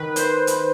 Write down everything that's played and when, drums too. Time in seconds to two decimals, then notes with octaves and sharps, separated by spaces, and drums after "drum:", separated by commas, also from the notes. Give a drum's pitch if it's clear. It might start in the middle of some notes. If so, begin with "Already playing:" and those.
Already playing: D#3 B4
0.16 C5, drum: hi-hat
0.47 drum: hi-hat